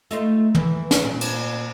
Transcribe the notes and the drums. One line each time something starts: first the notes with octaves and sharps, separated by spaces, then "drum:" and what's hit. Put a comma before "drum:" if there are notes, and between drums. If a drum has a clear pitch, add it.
A3 D#4 F4, drum: hi-hat
E3, drum: tom
drum: snare
A#2
drum: cymbal